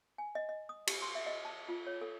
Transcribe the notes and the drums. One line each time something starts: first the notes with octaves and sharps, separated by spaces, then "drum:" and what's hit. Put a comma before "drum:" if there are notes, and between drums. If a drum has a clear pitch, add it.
G#5
D#5
D#5
D#6
G4, drum: cymbal
C6
E5
D#5
A5
F4
C#5
A4